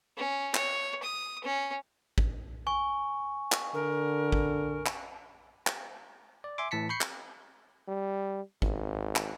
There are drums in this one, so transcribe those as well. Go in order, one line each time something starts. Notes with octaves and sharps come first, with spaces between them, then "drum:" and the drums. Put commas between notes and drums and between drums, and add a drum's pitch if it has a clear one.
C#4
C#5, drum: clap
D#6
C#4
drum: kick G#1
G#5 C#6
drum: clap
D3 A#4
drum: kick G#1
drum: clap
drum: clap
D5
E5 G#5 C6 D6
A2 E3 A5 B6 C#7
B5 C#6 G6 C7 C#7
drum: clap
G3
G#1, drum: kick G#1
drum: clap